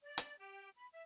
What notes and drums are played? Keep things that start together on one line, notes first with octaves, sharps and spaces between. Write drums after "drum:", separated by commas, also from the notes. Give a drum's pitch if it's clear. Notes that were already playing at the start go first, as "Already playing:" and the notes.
D5
drum: hi-hat
G4
B5
E5